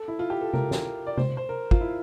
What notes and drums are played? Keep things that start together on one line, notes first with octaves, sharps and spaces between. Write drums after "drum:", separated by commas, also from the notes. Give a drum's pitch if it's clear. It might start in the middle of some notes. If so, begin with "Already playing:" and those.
Already playing: A4
E4
F4
G4
A4
A#4, drum: tom C3
drum: snare
D5
C5, drum: tom C3
C5
A#4
F4, drum: kick
E4